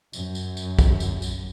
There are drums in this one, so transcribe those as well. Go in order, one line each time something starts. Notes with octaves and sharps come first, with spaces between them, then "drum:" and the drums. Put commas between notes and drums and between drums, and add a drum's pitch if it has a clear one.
F#2, drum: tambourine
drum: tambourine
drum: tambourine
drum: kick, tambourine
drum: tambourine
drum: tambourine